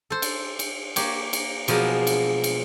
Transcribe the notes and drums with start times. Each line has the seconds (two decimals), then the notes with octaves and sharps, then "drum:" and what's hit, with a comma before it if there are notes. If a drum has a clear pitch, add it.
0.10 A4 C5
0.22 drum: cymbal
0.59 drum: cymbal
0.96 A#3 G4 C#5, drum: cymbal
1.33 drum: cymbal
1.68 B2 F3 F#3 G#3 A#3, drum: cymbal
2.07 drum: cymbal
2.44 drum: cymbal